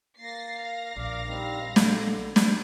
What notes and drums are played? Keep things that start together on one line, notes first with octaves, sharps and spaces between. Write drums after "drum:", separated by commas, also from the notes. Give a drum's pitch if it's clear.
A#3 A6 A#6 C7
F5 A#6
A#1 A#4 D5
G3 C4 D#4
D3, drum: snare
drum: snare